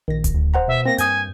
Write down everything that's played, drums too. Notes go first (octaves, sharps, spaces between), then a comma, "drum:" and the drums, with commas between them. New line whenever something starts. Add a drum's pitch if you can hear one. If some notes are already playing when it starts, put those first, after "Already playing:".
A#1 D#3 A#6
drum: kick D1, hi-hat
D2
C5 F#5 A#5
B2 E5
A#3 C4 A#6
G2 G#5 D#6 G6, drum: hi-hat